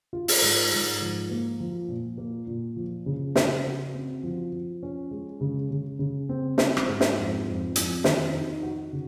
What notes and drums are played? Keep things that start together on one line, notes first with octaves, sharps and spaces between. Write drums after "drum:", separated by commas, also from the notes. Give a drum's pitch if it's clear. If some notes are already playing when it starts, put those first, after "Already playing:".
F4
drum: open hi-hat
G#2
G#2
F3
A#3
F3
A#2
A#3
A#2
F3
C#3
C#3, drum: snare
F#4
C4
F3
F3
C#4
G#3
C#3
C#3
C#3
C4
C4, drum: snare
drum: rim click
G#2
drum: snare
F2
F2
F2, drum: hi-hat
D#3, drum: snare
D#4
F#4
C#3